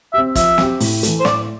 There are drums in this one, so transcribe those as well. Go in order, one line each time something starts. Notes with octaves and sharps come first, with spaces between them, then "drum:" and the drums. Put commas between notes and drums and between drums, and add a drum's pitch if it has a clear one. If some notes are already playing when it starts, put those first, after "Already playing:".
C4 G4 E5
F3 E5, drum: kick, hi-hat
C4 G4, drum: snare
A2, drum: open hi-hat
E3 A3, drum: hi-hat
C5
A2 D5, drum: snare